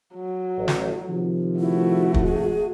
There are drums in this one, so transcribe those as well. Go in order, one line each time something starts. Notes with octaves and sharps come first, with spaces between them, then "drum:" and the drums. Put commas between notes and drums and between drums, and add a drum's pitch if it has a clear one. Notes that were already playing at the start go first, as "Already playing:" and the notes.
F#3
A1
drum: snare
C3 D#3 F3
A3 E4 F#4
drum: kick
G#4